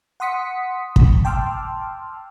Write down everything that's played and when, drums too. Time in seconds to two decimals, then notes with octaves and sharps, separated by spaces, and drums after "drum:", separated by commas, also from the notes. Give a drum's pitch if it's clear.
0.20 F#5 C6 D#6 B6 C#7
0.96 drum: kick
1.25 G5 A5 C6 D6 E6 F6